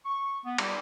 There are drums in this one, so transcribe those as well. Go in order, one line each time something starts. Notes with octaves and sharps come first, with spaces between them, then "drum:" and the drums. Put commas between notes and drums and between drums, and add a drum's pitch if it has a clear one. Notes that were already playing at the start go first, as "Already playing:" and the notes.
C#6
B3
G3, drum: cymbal